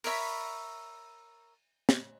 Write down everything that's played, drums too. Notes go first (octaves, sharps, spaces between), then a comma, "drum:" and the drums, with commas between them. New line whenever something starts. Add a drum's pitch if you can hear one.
A#4 C#5 E5 B5, drum: open hi-hat
drum: snare